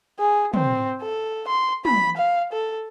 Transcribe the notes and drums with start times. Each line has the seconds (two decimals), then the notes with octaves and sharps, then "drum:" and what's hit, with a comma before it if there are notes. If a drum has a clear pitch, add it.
0.19 G#4
0.54 C4, drum: tom
1.02 A4
1.48 C6
1.85 B5, drum: tom
2.17 F5
2.52 A4